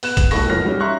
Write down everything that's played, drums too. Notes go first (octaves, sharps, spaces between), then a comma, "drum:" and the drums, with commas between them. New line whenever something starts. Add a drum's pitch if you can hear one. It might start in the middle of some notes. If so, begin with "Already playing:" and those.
B3 F#6 E7, drum: open hi-hat
drum: kick A#1, hi-hat
E1 A#2 D#4 A4 C#6 A#6, drum: open hi-hat
C2 F2 B3 C#5 F6 A#6
F#3 G3 C#4 D#4
E5 A#5 C6 C#6 F#6